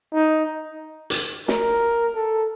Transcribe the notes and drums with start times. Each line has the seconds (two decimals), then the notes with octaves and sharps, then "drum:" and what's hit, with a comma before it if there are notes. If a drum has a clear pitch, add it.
0.14 D#4
1.10 drum: hi-hat
1.48 A#4, drum: snare
2.16 A4